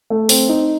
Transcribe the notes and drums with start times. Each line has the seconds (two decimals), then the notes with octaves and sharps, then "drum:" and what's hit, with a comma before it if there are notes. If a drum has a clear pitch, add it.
0.10 A3
0.29 C4, drum: open hi-hat
0.49 D#4